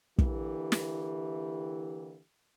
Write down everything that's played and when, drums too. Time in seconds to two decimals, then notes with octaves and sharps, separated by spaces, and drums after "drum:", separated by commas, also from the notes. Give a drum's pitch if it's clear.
0.18 D3 E3 A#3 E4 G4, drum: kick
0.72 drum: snare